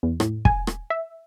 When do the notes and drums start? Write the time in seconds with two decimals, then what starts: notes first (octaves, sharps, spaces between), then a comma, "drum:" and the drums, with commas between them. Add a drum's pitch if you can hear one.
0.03 E2
0.20 A2, drum: rim click
0.45 G#5, drum: kick
0.67 drum: rim click
0.90 E5